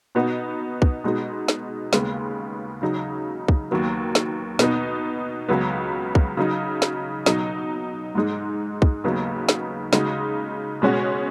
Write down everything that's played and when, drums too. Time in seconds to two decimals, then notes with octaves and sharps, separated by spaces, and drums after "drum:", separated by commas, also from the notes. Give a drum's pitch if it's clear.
0.15 B2 B3 D#4 F#4
0.82 drum: kick
1.04 B2 G#3 D#4 F#4
1.48 drum: snare
1.93 D#2 C#3 G#3 B3, drum: snare
2.82 C#3 F#3 D#4
3.48 drum: kick
3.71 D#2 D#3 F#3 B3
4.15 drum: snare
4.59 B2 B3 D#4, drum: snare
5.49 C#2 C#3 F#3 B3
6.15 drum: kick
6.37 C#3 F#3 D#4
6.82 drum: snare
7.26 B2 F#3 D#4, drum: snare
8.15 G#2 G#3 D#4
8.82 drum: kick
9.04 D#2 C#3 F#3 B3 D#4
9.49 drum: snare
9.93 C#3 G#3 D#4 F#4, drum: snare
10.82 B2 G#3 C#4 F#4